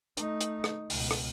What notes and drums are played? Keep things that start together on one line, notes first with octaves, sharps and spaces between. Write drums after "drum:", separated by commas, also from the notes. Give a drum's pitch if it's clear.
A3 D#4, drum: hi-hat
drum: hi-hat
drum: rim click
C#2 B2, drum: open hi-hat
drum: rim click